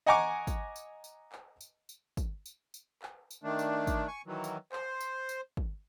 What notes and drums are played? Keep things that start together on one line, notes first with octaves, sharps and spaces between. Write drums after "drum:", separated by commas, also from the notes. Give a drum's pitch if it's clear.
D#5 F#5 G#5 A#5 C#6 D6
drum: kick, tambourine
drum: tambourine
drum: tambourine
drum: clap
drum: tambourine
drum: tambourine
drum: kick, tambourine
drum: tambourine
drum: tambourine
drum: clap
drum: tambourine
D#3 A3 D4
drum: tambourine
drum: kick, tambourine
G#5 C#6
D#3 E3 F#3
drum: tambourine
C5, drum: clap
drum: tambourine
drum: tambourine
drum: kick